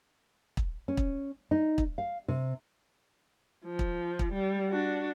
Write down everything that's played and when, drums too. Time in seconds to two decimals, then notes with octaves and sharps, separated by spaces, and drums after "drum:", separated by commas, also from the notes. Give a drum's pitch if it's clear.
0.57 drum: kick
0.88 C#4
0.97 drum: kick
1.51 D#4
1.78 drum: kick
1.98 F5
2.28 C3
3.65 F3
3.79 drum: kick
4.19 drum: kick
4.33 G3
4.68 D4 F#4